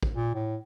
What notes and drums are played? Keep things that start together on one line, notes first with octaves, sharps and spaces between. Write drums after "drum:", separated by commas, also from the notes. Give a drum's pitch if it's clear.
drum: kick A1
A#2
A2